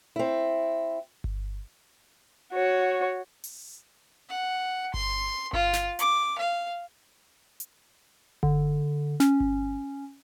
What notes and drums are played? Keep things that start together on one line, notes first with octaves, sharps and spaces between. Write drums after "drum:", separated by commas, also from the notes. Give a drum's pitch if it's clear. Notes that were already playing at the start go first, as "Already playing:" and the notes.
C4 E4
drum: kick G1
F#4 C#5
drum: open hi-hat
F#5
C6, drum: kick G1
F4, drum: kick G1
drum: snare
D6, drum: hi-hat
F5
drum: hi-hat
D3, drum: kick G1
C#4, drum: snare
drum: kick G1